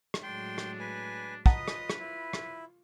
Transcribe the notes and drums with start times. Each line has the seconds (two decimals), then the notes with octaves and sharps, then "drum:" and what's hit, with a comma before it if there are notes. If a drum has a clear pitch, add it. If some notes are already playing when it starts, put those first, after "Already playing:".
0.14 drum: rim click
0.23 A2 F#3 G#3 D4 G5 C6
0.58 drum: rim click
0.80 B4 G#5
1.46 F4 B4 D#5 F#5 A5 A#5 D#6, drum: kick
1.68 drum: rim click
1.90 drum: rim click
1.99 E4
2.33 drum: rim click